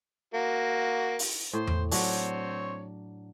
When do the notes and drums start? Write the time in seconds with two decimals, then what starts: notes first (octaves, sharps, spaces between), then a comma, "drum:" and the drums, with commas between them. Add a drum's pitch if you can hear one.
0.34 A#3 F#4
1.19 drum: open hi-hat
1.53 A2 C5
1.67 drum: tom E2
1.91 F#3 C4 D4 C#5, drum: open hi-hat